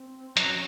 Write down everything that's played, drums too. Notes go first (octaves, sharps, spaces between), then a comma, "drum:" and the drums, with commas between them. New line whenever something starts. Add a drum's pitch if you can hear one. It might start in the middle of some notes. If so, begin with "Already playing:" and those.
Already playing: C4
F#3 C#4, drum: hi-hat